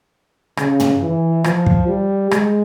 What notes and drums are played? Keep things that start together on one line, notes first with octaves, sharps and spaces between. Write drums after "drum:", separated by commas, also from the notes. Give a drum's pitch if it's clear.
C#3, drum: rim click
drum: tom
E3
F3, drum: rim click
drum: kick
G3
G#3, drum: rim click